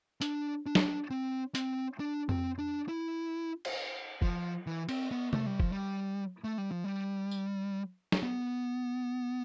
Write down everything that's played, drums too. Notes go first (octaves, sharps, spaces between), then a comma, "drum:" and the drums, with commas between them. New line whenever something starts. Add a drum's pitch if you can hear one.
D4, drum: hi-hat
D4
drum: snare
C4
C4, drum: hi-hat
D4
C4, drum: tom F2
D4
E4
drum: cymbal
F3, drum: kick
E3
C4, drum: cymbal
B3
A3, drum: tom C3
G3
F3, drum: kick
G3
A3
G3
F3
G3
drum: tambourine
drum: snare
B3